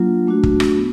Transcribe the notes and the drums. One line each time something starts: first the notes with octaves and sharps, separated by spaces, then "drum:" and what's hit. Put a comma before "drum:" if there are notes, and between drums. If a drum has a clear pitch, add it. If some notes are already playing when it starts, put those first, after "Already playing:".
Already playing: F#3 A#3 D4 F4
A3 D4 F#4
drum: kick
drum: rim click
B3